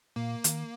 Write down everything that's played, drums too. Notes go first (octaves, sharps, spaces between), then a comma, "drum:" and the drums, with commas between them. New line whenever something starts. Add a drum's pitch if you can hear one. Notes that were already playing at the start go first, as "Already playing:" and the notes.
A#2 A#3
D#3, drum: hi-hat